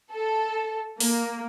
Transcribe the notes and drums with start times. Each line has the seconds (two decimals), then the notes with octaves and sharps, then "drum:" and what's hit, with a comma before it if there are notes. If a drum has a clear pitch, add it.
0.13 A4
1.00 A#3, drum: open hi-hat